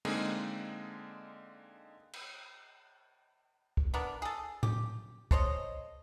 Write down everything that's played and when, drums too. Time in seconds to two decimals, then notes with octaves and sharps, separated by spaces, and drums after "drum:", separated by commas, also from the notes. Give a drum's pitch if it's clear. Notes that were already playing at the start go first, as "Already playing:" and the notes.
0.05 D3 G#3 A#3 C4 D#4 G#4, drum: cymbal
2.13 drum: cymbal
3.77 drum: kick
3.94 B3 D4 A#4
4.22 G#4 A4
4.63 G4, drum: tom A2
5.31 A4 C5 C#5 D#5, drum: kick